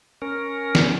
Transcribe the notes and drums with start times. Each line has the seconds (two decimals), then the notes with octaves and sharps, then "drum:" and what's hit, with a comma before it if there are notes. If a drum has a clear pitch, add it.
0.22 C#4 A#4
0.75 drum: snare